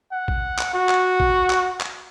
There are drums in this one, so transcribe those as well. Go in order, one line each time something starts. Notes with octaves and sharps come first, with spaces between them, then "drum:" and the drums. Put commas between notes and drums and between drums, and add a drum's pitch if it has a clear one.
F#5
drum: kick
drum: clap
F#4
drum: clap
drum: kick
drum: clap
drum: clap